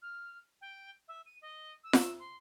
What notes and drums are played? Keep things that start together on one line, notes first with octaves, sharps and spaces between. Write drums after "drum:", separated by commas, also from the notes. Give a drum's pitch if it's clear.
F6
G5
E5
D#7
D#5
E6
drum: snare F4
C6